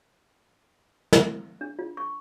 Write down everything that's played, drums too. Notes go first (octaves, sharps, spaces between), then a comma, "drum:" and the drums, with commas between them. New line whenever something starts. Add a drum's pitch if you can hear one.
drum: snare
D4
F4
C#6